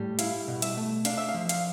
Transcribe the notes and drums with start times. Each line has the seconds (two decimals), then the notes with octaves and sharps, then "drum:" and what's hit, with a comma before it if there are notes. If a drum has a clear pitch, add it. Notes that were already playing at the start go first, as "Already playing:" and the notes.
Already playing: A2 G3
0.19 E4 F5, drum: hi-hat
0.48 B2
0.62 E5, drum: hi-hat
0.77 A3
1.05 D4 F5, drum: hi-hat
1.17 E5
1.29 F5
1.34 F3
1.49 F5, drum: hi-hat